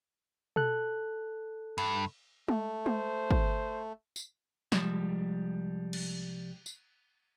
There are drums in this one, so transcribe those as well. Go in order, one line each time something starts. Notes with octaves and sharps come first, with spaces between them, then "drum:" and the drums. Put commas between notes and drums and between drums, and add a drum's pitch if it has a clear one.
A4 F#6, drum: tom B2
G2, drum: cymbal
A3, drum: tom G#3
C5, drum: tom G#3
drum: kick
drum: tambourine
C2 F3 G3 G#3 E5, drum: snare
drum: cymbal
drum: tambourine